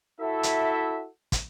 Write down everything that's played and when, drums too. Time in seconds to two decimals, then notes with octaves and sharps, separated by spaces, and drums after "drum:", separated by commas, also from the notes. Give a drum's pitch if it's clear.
0.21 E4 F#4 A4 E5
0.43 drum: hi-hat
1.32 drum: kick, hi-hat